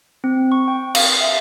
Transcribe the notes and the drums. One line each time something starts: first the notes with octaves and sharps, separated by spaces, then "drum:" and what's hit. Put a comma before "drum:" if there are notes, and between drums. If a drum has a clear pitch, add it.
C4
C#6
G5
F5, drum: cymbal
E5